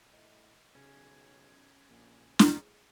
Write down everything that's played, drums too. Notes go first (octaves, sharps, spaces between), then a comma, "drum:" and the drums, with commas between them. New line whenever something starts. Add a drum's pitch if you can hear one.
A2 D#5 E5
B1 C#3 C#4
A#1 A#2
A2 G#4, drum: snare